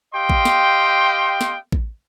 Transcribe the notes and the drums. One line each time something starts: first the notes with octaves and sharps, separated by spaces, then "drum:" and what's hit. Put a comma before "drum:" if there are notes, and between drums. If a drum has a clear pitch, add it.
G4 D#5 F5 G5 C6
drum: kick A1
drum: snare
drum: snare
drum: kick A1